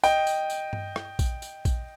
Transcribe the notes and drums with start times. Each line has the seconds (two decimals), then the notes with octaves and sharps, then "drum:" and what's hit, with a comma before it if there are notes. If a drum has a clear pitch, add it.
0.03 D#5 G5, drum: tambourine
0.27 drum: tambourine
0.50 drum: tambourine
0.73 drum: tom G2
0.96 drum: rim click
1.19 drum: kick A#1, tambourine
1.42 drum: tambourine
1.65 drum: kick A#1, tambourine